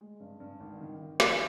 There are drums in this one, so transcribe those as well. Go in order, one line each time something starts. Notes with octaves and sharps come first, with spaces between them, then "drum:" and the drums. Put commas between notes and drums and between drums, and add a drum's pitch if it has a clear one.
G#3
G2
G2
G#1
D#3
D#3
F2, drum: snare